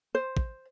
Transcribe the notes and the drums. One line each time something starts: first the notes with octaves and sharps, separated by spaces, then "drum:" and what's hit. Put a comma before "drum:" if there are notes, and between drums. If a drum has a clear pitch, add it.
C5
drum: kick